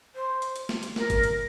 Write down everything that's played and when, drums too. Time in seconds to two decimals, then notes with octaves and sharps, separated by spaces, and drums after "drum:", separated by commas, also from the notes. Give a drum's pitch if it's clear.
0.15 C5
0.42 drum: hi-hat
0.56 drum: hi-hat
0.69 drum: snare
0.83 drum: hi-hat
0.96 A#4, drum: snare
1.10 drum: kick, hi-hat
1.23 drum: hi-hat